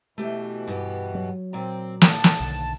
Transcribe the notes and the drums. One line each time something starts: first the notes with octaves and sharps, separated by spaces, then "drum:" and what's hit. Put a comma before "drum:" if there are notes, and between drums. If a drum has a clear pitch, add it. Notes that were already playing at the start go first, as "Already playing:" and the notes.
B2 E3 A3 G4 E5
G2 B3 G4
F#3
A#2 C4 D5 A#5
A5, drum: snare
drum: snare
B1 D3 D#3